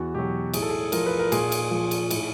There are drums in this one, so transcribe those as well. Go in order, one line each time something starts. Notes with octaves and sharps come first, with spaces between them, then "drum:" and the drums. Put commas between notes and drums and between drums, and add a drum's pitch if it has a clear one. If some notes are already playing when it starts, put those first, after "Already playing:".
Already playing: E2 F#4
B2 F#3 G4
A2 G#4, drum: cymbal
A4
G#4
F3 A#4, drum: cymbal
B4
A#4
A#2 G#4, drum: cymbal
drum: cymbal
F3
drum: cymbal
A2, drum: cymbal